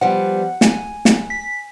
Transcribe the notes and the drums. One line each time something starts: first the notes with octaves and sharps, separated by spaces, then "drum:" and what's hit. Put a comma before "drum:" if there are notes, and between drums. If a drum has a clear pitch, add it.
F3 G3 B3 F#5
G#5, drum: snare
drum: snare
B6